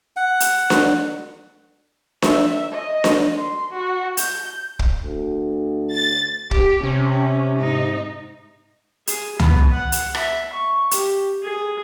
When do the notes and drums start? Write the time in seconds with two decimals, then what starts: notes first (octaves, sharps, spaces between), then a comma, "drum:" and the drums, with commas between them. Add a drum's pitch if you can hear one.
0.17 F#5
0.40 drum: hi-hat
0.70 drum: snare D4
2.22 E5, drum: snare D4
2.72 D#5
3.04 drum: snare D4
3.37 C6
3.73 F#4
4.17 G6, drum: hi-hat
4.79 drum: kick
5.04 D2
5.93 A6
6.51 G4, drum: kick
6.83 C3 C#4
7.57 G#2 D#4
9.07 G#4, drum: hi-hat
9.39 B3, drum: tom C#2
9.73 F#5
9.92 drum: hi-hat
10.15 E5, drum: rim click
10.52 C#6
10.91 G4, drum: hi-hat
11.43 G#4